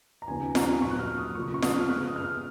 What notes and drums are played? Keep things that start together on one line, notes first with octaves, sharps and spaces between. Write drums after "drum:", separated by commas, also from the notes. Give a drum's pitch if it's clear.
A#5
D#2 C#3 F3 B3 D#4 G#5
A#5, drum: snare F4
A#2 F#3 A#3 C#6
F#6
F6
D#6
C#3 F3 A#3 F4 C#6
C#6
D#6, drum: snare F4
F6
C#3 G#3 B3 F4 F#6
D#6
F6